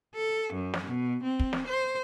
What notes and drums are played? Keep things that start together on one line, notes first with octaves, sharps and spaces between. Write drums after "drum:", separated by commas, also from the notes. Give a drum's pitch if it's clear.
A4
F#2
drum: snare
B2
C4
drum: kick
drum: snare
C5